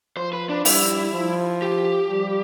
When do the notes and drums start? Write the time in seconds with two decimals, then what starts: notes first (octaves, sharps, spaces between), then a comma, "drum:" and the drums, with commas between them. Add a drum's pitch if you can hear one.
0.17 F3 C5
0.33 B4
0.49 D4
0.65 G3 E4, drum: open hi-hat
1.14 F3
1.62 G4
2.10 G3